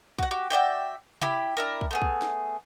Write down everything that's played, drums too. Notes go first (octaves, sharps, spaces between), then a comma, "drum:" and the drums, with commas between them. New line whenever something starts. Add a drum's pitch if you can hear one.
F#4 F#5, drum: kick
F#4 G4
F#4 D5 E5 G5
E4 G4 B5, drum: tom C3
D4 E4 A#4
drum: kick
A3 B3 G#4
drum: kick
drum: snare